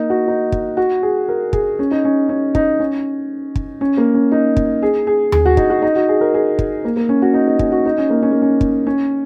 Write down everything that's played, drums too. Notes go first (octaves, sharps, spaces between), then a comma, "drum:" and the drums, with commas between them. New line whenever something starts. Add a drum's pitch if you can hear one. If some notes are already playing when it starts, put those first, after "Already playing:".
Already playing: A#3 D#4
F#4
D#4
drum: kick
F#4
G#4
A#4
G#4, drum: kick
C#4
D#4
C#4
C#4
D#4, drum: kick
C#4
drum: kick
C#4
A#3
C#4
D#4
drum: kick
G#4
G#4
G#4, drum: tom D#2
F#4
D#4, drum: kick
F#4
D#4
F#4
G#4
A#4
G#4
drum: kick
A#3
A#3
C#4
F#4
D#4
D#4
C#4, drum: kick
F#4
D#4
C#4
A#3
C#4
A#3
C#4
drum: kick
C#4